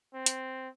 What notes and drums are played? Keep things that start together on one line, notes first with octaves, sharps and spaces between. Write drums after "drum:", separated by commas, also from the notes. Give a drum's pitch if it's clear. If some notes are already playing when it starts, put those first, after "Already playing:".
C4
drum: hi-hat